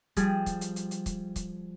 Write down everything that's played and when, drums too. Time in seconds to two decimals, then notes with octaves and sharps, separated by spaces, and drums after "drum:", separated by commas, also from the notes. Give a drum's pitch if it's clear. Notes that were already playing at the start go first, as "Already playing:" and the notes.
0.17 F3 G3 G#4, drum: kick, hi-hat
0.46 drum: kick, hi-hat
0.61 drum: hi-hat
0.76 drum: hi-hat
0.91 drum: hi-hat
1.06 drum: kick, hi-hat
1.36 drum: kick, hi-hat